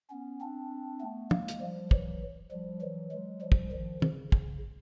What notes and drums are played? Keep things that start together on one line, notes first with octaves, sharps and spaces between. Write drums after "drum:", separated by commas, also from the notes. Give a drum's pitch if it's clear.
B3 C#4
C4 D4
A3 B3
G#3 A#3, drum: tom
drum: hi-hat
F3 G3
E3 F#3, drum: kick
F3 G3
E3 F#3
F#3 G#3
F3 G3
drum: kick
D#3 F3
C#3, drum: tom
C#3, drum: kick